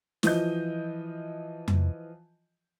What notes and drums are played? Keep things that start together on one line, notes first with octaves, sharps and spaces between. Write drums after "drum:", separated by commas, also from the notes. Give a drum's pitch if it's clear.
E3 F3 D#5 G6, drum: snare
drum: tom F2